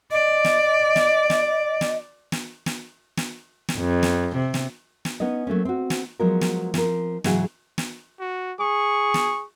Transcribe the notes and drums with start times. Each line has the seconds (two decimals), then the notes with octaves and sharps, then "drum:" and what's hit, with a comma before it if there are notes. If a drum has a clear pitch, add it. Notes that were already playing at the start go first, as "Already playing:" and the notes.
0.11 D5 D#5
0.45 drum: snare
0.96 drum: snare
1.30 drum: snare
1.81 drum: snare
2.32 drum: snare
2.66 drum: snare
3.17 drum: snare
3.69 drum: snare
3.78 F2
4.03 drum: snare
4.37 C3
4.54 drum: snare
5.05 drum: snare
5.20 B3 C#4 D#4 D#5
5.47 F#3 A3 A#3 C#4
5.65 C4 F#4
5.90 drum: snare
6.20 F3 F#3 G#3 B3 A#4
6.41 drum: snare
6.74 F3 C4 A#4, drum: snare
7.24 G#2 C#3 E3 F#3 F#4 G#4, drum: snare
7.78 drum: snare
8.20 F#4
8.60 G#4 C#6
9.14 drum: snare